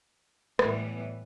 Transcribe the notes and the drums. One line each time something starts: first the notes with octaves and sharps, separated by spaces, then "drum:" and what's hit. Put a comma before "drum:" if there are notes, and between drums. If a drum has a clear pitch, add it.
A2 E3 G3 B3, drum: rim click